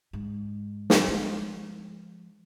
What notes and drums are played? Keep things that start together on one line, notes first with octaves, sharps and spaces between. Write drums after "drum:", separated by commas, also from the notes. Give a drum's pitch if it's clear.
G#2
drum: snare
F3 G#3